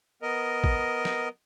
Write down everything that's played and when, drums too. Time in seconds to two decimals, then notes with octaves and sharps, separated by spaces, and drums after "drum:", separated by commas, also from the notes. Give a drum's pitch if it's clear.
0.22 B3 A#4 D#5
0.64 drum: kick A1
1.05 drum: snare